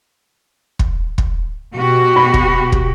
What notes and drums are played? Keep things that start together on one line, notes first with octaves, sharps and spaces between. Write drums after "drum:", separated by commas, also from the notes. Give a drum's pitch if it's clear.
drum: kick
drum: kick
B2 F#4 G4
B5
drum: kick
drum: kick